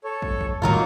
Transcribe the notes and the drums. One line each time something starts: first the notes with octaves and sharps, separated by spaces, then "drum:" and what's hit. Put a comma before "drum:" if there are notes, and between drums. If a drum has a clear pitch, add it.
A4 C#5
drum: kick
drum: kick
A2 D#3 F#3 G3 A#3 D#4 F4